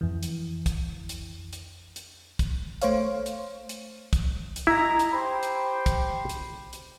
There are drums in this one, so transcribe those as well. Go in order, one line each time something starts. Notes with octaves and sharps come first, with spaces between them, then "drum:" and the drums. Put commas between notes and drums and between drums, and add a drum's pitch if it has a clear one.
F2 E3
drum: hi-hat
drum: kick, hi-hat
drum: hi-hat
drum: hi-hat
drum: hi-hat
drum: kick, hi-hat
A3 C5 C#5 F5, drum: hi-hat
drum: hi-hat
drum: hi-hat
drum: kick, hi-hat
drum: hi-hat
E4 D#5 A#5
drum: hi-hat
G4 C5 G5 B5 C6
drum: hi-hat
drum: kick, hi-hat
drum: hi-hat
drum: hi-hat